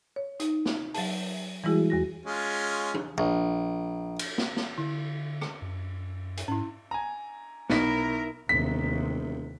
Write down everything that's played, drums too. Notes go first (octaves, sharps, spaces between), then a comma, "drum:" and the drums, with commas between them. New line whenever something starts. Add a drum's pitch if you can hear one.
C#5
D#4, drum: hi-hat
drum: snare
F#3 F5 A5, drum: open hi-hat
E3 G3 G#3 E4 F#4 G#4
E2 F#4 A#6
G#3 C#4 F4
drum: tom
A#1
drum: cymbal
drum: snare
drum: snare
D3 E4
drum: rim click
F#2
drum: hi-hat
G#2 C#4 E4
G#5 A#5
B1 B3 D#4 E4 A#4 B5 B6, drum: snare
E1 D#2 C3 B6